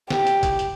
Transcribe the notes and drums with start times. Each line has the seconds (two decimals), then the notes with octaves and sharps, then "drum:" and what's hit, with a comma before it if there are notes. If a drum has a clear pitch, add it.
0.10 G4, drum: snare
0.27 drum: hi-hat
0.43 drum: kick, hi-hat
0.59 drum: hi-hat